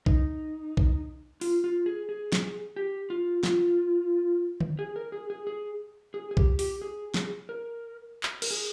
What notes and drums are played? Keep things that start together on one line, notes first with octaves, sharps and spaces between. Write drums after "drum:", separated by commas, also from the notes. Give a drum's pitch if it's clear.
D#4, drum: kick B1
drum: kick B1
F4, drum: open hi-hat
F4
G#4
G#4
drum: snare
G4
F4
F4, drum: snare
drum: tom D3
G#4
A#4
G#4
G#4
G#4
G#4
G#4
G4, drum: kick B1
G4, drum: open hi-hat
G#4
drum: snare
A#4
drum: clap
A#4, drum: cymbal
G#4